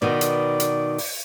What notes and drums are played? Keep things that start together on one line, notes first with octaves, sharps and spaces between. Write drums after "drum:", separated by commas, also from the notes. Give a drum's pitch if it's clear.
B2 D#3 B3 D5
drum: hi-hat
drum: hi-hat
drum: open hi-hat